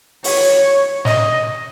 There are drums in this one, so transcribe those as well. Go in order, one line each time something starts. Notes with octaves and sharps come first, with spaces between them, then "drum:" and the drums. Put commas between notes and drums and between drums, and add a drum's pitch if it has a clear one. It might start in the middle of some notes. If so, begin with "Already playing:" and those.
C#5, drum: open hi-hat
D#5, drum: snare